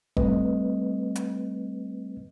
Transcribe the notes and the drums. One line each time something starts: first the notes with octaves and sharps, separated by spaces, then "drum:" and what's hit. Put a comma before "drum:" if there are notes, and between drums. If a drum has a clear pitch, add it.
G3 A3 C4 B4 D#5, drum: kick F1
drum: hi-hat